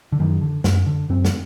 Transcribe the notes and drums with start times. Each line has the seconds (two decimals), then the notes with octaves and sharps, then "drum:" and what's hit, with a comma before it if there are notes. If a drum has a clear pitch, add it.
0.12 D3
0.19 F#2 D#3
0.41 D3
0.64 F#2, drum: snare
0.87 D3
1.09 F#2 C4
1.25 drum: snare